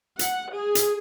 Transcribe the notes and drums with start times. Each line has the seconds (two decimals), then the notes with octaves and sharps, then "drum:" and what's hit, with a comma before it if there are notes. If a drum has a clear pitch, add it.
0.19 F#5, drum: hi-hat
0.53 G#4
0.75 drum: hi-hat